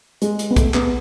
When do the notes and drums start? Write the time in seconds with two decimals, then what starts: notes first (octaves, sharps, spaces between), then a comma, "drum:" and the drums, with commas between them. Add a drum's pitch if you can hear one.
0.22 G#3, drum: hi-hat
0.39 drum: hi-hat
0.51 B3
0.56 A3, drum: kick, hi-hat
0.74 B3, drum: clap